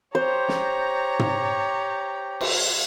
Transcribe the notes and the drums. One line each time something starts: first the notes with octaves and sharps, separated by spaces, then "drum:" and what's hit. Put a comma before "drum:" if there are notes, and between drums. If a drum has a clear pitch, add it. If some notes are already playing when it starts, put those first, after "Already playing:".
G4 C5 C#5 A#5
drum: snare
drum: tom
drum: cymbal